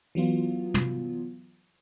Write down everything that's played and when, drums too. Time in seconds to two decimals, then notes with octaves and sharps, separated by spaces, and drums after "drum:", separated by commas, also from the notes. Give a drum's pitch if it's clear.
0.15 E3 F#3 B3 F4
0.74 drum: tom